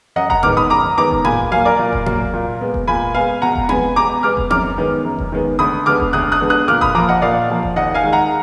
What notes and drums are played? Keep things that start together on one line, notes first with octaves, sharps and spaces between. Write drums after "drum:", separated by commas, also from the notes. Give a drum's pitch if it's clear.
F#2 D#5 F#5
F#5 A#5, drum: kick F1
D#3 G#3 B3 D6 F6, drum: tom G#2
B5 D#6
F#2 A#5 D6
D#3 G#3 B3 A#5 D6
drum: kick F1
A#2 G#5 B5, drum: tom G#2
F#3 A#3 F5 G#5
A#4 D5
A#2
drum: kick F1
F#3 A#3, drum: tom G#2
A#2
G#3 B3
drum: kick F1
A#2 G#5 B5
G#3 B3 F5 G#5
B2 F#5 A#5
drum: kick F1
G#3 B3 G#5 B5, drum: tom C4
B2 A#5 D6
G#3 B3 D6 F6
drum: kick F1
F#2 D6 F6, drum: tom C4
D#3 G#3 B3
F#2
drum: kick F1
D#3 G#3 B3
D2 B5 D#6
D3 G#3 B3 D6 F6
drum: kick F1
D2 D#6 F#6
D#6 F#6
D3 G#3 B3
D#6 F#6
A#2 D6 F6
B5 D#6, drum: kick F1
F3 A#3 A#5 D6
D#5 F#5
A#2 D5 F5
F3 A#3
drum: kick F1
D#2 D#5 F#5
F5 G#5
D#3 G#3
F#5 A#5